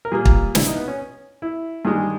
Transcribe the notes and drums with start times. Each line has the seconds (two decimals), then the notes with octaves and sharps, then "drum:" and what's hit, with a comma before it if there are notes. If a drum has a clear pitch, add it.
0.05 A#4
0.12 A#2 G3 A#3 G#4
0.25 drum: kick
0.55 E4, drum: snare
0.66 D#4
0.77 B3
0.87 C#4
1.42 E4
1.85 G2 D#3 G#3 G#4